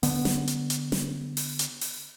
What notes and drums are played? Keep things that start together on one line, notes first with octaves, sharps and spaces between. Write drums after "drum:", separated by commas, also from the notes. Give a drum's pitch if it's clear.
D3 B3, drum: open hi-hat
drum: snare
drum: hi-hat
drum: hi-hat
drum: snare
drum: open hi-hat
drum: hi-hat
drum: open hi-hat